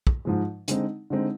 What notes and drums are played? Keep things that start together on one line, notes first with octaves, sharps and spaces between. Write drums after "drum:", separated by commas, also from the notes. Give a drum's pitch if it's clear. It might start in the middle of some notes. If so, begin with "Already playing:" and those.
drum: kick
G#2 F3 G#3
D3 G#3 C4 D#4, drum: hi-hat
D3 G#3 C4 D#4